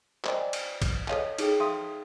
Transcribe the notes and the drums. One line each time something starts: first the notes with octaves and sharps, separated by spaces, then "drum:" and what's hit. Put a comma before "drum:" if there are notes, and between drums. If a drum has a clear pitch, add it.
A#4 C5 D5 D#5 G5 G#5, drum: clap
drum: cymbal
drum: kick B1, cymbal
A4 B4 C#5 D#5 F5 A5, drum: clap
D#4 G#4 A4 G5, drum: cymbal
E5 F5 G5 A5 C6 D#6